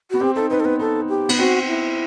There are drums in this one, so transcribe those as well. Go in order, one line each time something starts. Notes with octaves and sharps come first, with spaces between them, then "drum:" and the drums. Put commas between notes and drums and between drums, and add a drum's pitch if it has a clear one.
B3 F#4
C4 G4
D#4 A4
D#4 B4
A4
B3 B4
D#4 A4
G4
B3, drum: cymbal
C4 F#4
E4